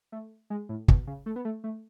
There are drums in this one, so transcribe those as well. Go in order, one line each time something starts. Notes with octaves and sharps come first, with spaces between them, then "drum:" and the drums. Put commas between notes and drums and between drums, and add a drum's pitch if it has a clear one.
A3
G#3
A2
B2, drum: kick
C#3
A3
B3
A3
A3